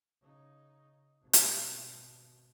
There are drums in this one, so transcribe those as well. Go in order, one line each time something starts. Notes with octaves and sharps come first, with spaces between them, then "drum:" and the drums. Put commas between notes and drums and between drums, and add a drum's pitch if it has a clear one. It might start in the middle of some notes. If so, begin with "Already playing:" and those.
C#3 D#4
G#1 B2
drum: hi-hat